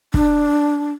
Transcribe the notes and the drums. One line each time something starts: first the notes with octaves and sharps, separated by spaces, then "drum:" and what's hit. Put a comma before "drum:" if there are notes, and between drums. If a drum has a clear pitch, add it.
D4, drum: kick